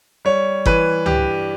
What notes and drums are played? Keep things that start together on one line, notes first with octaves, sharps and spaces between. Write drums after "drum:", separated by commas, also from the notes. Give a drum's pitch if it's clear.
G3 C#5
E3 B4, drum: kick G1
G2 G4, drum: tom C#2